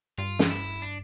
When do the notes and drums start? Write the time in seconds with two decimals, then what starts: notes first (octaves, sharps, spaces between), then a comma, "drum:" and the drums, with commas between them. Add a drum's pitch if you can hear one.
0.18 G2 F4
0.39 drum: snare
0.50 E4
0.82 D4